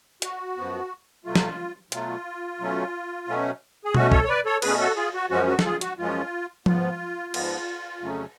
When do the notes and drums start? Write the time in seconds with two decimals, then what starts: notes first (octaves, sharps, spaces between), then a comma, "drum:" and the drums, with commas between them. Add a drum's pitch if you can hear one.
0.22 F#4, drum: hi-hat
0.57 F#2 F3 B3
1.25 B2 F#3 A3 F4
1.35 drum: snare
1.92 B2 F#3 A3 F4, drum: hi-hat
2.60 B2 F#3 A3 C#4
3.28 B2 F#3 A3 C#4
3.85 G#4
3.95 B2 A3 C#4 F#4, drum: tom B2
4.11 A4 C#5, drum: kick
4.24 C#5
4.28 B4 D5
4.45 A4 C#5
4.62 B2 A3 C#4 G#4 B4, drum: cymbal
4.80 F#4 A4
4.96 F4 G#4
5.14 F#4
5.30 F#2 F3 G#3 C#4 F#4
5.48 F#4
5.59 A4, drum: snare
5.65 F4 G#4
5.81 F#4, drum: hi-hat
5.98 F#2 F3 G#3 C#4 F4
6.66 G#2 F3 B3 F4, drum: tom F3
7.34 G#2 F3 B3, drum: cymbal
8.01 F2 C#3 F#3 A3 C#4